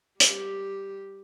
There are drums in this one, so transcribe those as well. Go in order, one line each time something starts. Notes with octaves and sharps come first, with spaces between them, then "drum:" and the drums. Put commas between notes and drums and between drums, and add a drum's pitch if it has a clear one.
G3 G4, drum: hi-hat